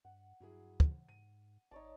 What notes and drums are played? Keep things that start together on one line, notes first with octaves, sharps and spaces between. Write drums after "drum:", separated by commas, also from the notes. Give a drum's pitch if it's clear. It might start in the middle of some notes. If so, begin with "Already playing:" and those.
G2 F#5
G2 F#3 E4 G#4
drum: kick
G#2 D#7
G#1 D#4 C#5 D5 A5